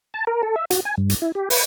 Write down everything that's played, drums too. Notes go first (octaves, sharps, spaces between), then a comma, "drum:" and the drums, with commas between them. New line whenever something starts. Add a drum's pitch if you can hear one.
A5
A#4
A4
E5
F#4, drum: hi-hat
G#5
G2
drum: hi-hat
E4
G4
B4, drum: open hi-hat